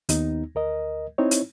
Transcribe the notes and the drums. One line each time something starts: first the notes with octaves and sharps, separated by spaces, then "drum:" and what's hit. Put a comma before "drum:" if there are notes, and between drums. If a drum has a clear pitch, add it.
D#2 B3 D#4, drum: hi-hat
D2 A#4 D#5
C4 D#4 E4 C#5
drum: hi-hat